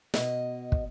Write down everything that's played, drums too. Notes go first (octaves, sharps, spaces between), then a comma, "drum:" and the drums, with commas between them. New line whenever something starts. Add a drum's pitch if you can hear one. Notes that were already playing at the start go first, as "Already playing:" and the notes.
B2 D#5, drum: snare
drum: kick